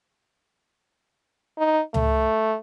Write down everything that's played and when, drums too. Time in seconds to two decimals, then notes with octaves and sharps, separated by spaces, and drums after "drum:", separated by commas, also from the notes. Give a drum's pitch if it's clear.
1.58 D#4
1.94 A3, drum: tom C#2